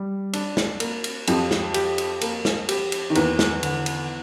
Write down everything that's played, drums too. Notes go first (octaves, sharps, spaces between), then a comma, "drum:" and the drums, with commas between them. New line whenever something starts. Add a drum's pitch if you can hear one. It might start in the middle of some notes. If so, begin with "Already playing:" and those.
Already playing: G3
D4, drum: cymbal
drum: snare
A#3, drum: cymbal
drum: cymbal
F2 F3 G4, drum: cymbal
drum: snare
G4, drum: cymbal
drum: cymbal
A#3, drum: cymbal
drum: snare
G4, drum: cymbal
drum: cymbal
D#3
E2 E3 A#3, drum: cymbal
drum: snare
D3, drum: cymbal
drum: cymbal